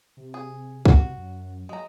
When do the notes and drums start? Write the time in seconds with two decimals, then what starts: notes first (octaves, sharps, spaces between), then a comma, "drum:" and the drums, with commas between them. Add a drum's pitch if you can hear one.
0.17 C3
0.34 G#4
0.85 F#4, drum: kick
1.16 F#2
1.69 F#3 G#3 A#5